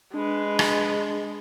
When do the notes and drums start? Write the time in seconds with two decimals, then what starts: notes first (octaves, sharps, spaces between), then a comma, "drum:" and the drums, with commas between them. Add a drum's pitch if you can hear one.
0.14 G#3 D4 G#4 B4
0.59 drum: rim click